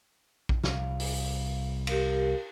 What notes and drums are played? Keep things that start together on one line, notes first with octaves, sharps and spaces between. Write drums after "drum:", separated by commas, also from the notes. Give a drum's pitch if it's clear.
drum: kick A#1
C2 F5, drum: snare
drum: open hi-hat
G4 A#4 F5, drum: cymbal